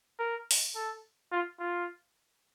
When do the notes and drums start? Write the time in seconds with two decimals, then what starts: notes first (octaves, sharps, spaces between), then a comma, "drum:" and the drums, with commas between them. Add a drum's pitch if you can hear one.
0.19 A#4
0.51 drum: open hi-hat
0.75 A4
1.32 F4
1.59 F4